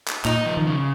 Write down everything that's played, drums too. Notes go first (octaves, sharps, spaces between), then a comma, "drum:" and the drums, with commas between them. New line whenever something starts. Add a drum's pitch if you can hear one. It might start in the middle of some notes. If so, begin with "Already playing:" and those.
drum: clap
A#2 D#4, drum: clap
F3
D#3
C#3